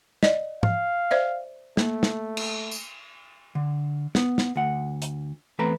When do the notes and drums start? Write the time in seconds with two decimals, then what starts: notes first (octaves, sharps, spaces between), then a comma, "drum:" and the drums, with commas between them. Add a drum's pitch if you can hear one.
0.23 D5 D#5, drum: snare
0.63 F5, drum: tom G#2
1.11 C5 D5 E5
1.77 A3 A#3, drum: snare
2.03 drum: snare
2.37 drum: cymbal
2.71 drum: tambourine
3.55 D3
4.15 B3, drum: snare
4.38 drum: snare
4.56 D2 F#5
5.02 drum: hi-hat
5.59 E2 A3 C4 B4 A#5